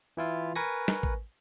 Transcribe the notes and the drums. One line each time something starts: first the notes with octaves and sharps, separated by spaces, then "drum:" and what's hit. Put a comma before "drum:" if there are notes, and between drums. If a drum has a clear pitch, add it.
E3 E4 F4
A#4 B4 G#5 C#6 A#6
drum: snare
drum: kick A1